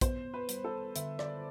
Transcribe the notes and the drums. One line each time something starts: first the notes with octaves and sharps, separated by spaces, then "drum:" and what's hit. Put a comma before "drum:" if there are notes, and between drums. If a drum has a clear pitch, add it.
B3 C5, drum: kick A#1, hi-hat
B4
G3, drum: hi-hat
A4
D3 E5, drum: hi-hat
D5, drum: rim click